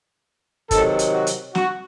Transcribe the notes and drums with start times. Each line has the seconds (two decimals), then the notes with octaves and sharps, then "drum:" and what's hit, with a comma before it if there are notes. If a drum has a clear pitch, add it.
0.71 C3 D#3 F#3 A4, drum: kick, hi-hat
0.99 drum: hi-hat
1.13 F#4
1.27 drum: hi-hat
1.55 F#4, drum: snare